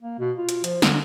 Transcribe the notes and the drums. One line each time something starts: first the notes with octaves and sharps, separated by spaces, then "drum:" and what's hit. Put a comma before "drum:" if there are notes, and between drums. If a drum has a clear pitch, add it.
A#3
B2
F4
drum: hi-hat
F3, drum: hi-hat
D3, drum: snare